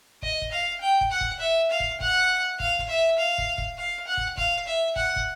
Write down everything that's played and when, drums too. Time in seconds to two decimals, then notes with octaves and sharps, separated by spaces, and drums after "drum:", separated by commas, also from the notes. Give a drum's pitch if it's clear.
0.22 D#5, drum: kick
0.42 drum: kick
0.52 F5
0.81 G5
1.01 drum: kick
1.11 F#5
1.21 drum: kick
1.40 E5
1.71 F5
1.80 drum: kick
2.00 F#5, drum: kick
2.60 F5, drum: kick
2.79 drum: kick
2.89 E5
3.18 F5
3.38 drum: kick
3.58 drum: kick
3.78 F5
4.07 F#5
4.17 drum: kick
4.37 F5, drum: kick
4.67 E5
4.96 F#5, drum: kick
5.16 drum: kick